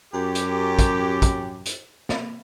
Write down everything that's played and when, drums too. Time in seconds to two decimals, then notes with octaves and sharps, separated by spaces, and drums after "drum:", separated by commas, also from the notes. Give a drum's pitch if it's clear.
0.13 F#2 G4
0.35 drum: hi-hat
0.79 drum: kick, hi-hat
1.22 drum: kick, hi-hat
1.66 drum: hi-hat
2.09 drum: snare